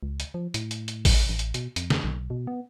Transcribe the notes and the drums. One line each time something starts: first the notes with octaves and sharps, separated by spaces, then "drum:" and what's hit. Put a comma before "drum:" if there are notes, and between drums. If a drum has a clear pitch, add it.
C#2
drum: hi-hat
F3
A2, drum: hi-hat
drum: hi-hat
drum: hi-hat
drum: kick A1, open hi-hat
A1
drum: hi-hat
B2, drum: hi-hat
F2, drum: hi-hat
drum: snare
B1
B2
B3